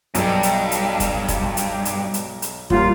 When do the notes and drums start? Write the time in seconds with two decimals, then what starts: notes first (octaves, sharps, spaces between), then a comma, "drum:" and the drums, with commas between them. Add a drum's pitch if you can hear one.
0.15 B1 E2 G2, drum: hi-hat
0.43 drum: hi-hat
0.72 drum: hi-hat
1.00 drum: kick, hi-hat
1.28 drum: kick, hi-hat
1.57 drum: hi-hat
1.85 drum: hi-hat
2.14 drum: hi-hat
2.42 drum: hi-hat
2.70 D#2 G3 A#3 F4, drum: kick